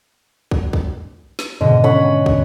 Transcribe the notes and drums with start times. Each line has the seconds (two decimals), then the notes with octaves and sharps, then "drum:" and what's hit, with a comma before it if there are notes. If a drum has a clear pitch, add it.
0.51 drum: kick
0.73 drum: kick
1.39 drum: snare
1.61 G#2 B2 D3 D#5
1.84 C#4 F#5 B5
2.26 drum: kick